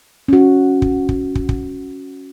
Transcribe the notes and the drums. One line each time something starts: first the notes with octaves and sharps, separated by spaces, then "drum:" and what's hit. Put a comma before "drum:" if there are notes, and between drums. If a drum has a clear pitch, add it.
C#4 F#4
drum: kick
drum: kick
drum: kick
drum: kick